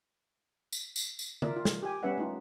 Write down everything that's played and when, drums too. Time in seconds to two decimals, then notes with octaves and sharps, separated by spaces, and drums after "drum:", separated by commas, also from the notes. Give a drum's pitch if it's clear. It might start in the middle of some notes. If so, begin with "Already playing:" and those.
0.73 drum: tambourine
0.96 drum: tambourine
1.19 drum: tambourine
1.42 F4 A#4 D5 E5, drum: tom
1.56 F4
1.65 drum: snare
1.82 G4 G#5
2.03 G3 B3 C#4 B4 E5 F#5
2.18 A3 D#4 F4